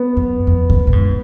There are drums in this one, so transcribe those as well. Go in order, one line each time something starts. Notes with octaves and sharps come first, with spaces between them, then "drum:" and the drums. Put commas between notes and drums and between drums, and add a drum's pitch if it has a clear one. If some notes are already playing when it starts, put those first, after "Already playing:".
Already playing: B3
F#2
F2
F#2, drum: kick D2
A#2
G#2